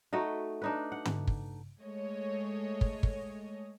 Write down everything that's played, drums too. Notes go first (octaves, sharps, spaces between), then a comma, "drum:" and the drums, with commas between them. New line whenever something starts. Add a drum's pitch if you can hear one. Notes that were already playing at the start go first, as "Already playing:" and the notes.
A3 D#4 F#4 D#5
D4 D#4 B4
F#5
drum: tom
drum: kick
G#3 A3 C#5 D#5
drum: kick
drum: kick